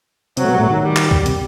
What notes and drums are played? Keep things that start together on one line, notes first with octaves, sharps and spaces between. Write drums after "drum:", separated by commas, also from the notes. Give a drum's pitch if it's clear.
C3 F#3 C4, drum: hi-hat
A3
B2 B3
G3
A2 A3
D#3
G3
drum: clap
drum: kick
C3, drum: hi-hat